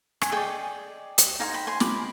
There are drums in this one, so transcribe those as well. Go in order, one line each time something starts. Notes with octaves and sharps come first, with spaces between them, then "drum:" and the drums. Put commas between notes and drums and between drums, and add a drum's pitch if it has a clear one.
G#5, drum: rim click
G#4 D5 D#5 G5
drum: hi-hat
D#4 G4 C5 D#5 F5 G#5
G5 B5
G#5 C6
B5 D6, drum: snare